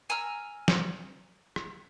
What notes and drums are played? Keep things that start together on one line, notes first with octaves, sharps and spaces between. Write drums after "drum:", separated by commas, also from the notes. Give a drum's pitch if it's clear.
G#5 A#5 E6 F6
drum: snare
drum: rim click